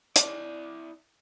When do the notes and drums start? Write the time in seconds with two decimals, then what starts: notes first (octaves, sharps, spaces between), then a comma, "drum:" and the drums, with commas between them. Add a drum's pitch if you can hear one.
0.16 E4 D5, drum: hi-hat